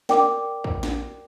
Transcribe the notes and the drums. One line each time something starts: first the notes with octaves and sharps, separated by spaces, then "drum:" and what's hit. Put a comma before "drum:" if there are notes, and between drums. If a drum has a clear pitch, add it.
A#4 D5 G5 D6, drum: snare
drum: kick
drum: snare